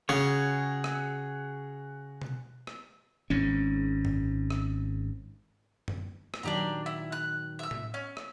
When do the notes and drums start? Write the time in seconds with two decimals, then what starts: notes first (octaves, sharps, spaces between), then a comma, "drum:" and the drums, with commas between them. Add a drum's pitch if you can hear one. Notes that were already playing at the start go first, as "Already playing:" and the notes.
0.09 C#3 F#4 G#4 C#5
0.84 drum: rim click
2.22 drum: tom B2
2.67 drum: rim click
3.30 G#1 G#2 C#4
4.05 drum: tom F#2
4.50 drum: rim click
5.88 drum: tom F#2
6.34 drum: rim click
6.43 A#2 D#3 F#3 D4 G4 A#5
6.86 E4
7.12 F#6
7.59 E5 E6
7.71 drum: tom A2
7.94 C#4
8.17 drum: rim click